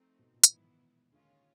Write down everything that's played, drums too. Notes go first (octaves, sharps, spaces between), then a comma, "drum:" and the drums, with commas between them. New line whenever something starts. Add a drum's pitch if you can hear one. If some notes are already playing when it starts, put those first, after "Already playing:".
Already playing: F3 A3 C4 D#4
B2
A#2
F3, drum: hi-hat
G#2 D#3 E3 F#3 B3 E4
D#2 D3 D#3 G#3 C#4 F4
D3